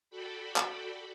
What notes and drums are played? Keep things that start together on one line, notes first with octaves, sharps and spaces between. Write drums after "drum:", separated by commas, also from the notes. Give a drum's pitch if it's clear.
F#4 A4 D5 G5 B5
drum: clap